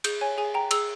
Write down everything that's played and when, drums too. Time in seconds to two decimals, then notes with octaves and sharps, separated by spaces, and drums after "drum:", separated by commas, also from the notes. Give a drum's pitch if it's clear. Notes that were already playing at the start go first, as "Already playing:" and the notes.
0.04 G#4 G6, drum: cymbal
0.21 C#5 G#5
0.38 G#4 G#5
0.54 G5 A#5
0.71 G#4 E6, drum: cymbal